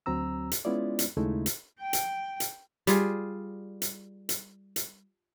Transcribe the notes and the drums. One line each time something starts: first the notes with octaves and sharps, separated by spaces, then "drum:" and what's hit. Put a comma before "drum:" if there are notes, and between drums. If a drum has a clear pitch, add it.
D2 F#3 C4 A#5 E6
drum: hi-hat
G#3 B3 C#4 E4 F4 D5
drum: hi-hat
D#2 C#3 G#3 A3 D#4 E4
drum: hi-hat
G5
drum: hi-hat
drum: hi-hat
G3 F4 G#4, drum: hi-hat
drum: hi-hat
drum: hi-hat
drum: hi-hat